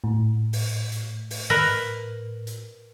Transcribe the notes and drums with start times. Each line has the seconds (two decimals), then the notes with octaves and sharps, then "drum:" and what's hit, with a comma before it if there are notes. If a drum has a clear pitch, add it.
0.04 A2
0.53 drum: open hi-hat
0.92 drum: hi-hat
1.30 drum: open hi-hat
1.50 A#4 B4
2.47 drum: hi-hat